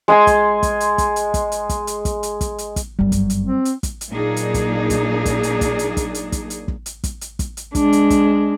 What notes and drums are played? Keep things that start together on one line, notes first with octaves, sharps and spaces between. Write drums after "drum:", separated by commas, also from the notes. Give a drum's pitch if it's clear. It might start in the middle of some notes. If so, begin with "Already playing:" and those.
G#3 G#5 C6
drum: kick, hi-hat
drum: kick, hi-hat
drum: hi-hat
drum: kick, hi-hat
drum: hi-hat
drum: kick, hi-hat
drum: hi-hat
drum: kick, hi-hat
drum: hi-hat
drum: kick, hi-hat
drum: hi-hat
drum: kick, hi-hat
drum: hi-hat
drum: kick, hi-hat
G1 F#2 G3
drum: kick, hi-hat
drum: hi-hat
C4
drum: hi-hat
drum: kick, hi-hat
drum: hi-hat
A#2 F#3 A#3 D4 D#4 G#4
drum: hi-hat
drum: kick, hi-hat
drum: kick, hi-hat
drum: kick, hi-hat
drum: hi-hat
drum: kick, hi-hat
drum: hi-hat
drum: kick, hi-hat
drum: hi-hat
drum: kick, hi-hat
drum: hi-hat
drum: kick
drum: hi-hat
drum: kick, hi-hat
drum: hi-hat
drum: kick, hi-hat
drum: hi-hat
G#3 D4, drum: kick, hi-hat
drum: hi-hat
drum: kick, hi-hat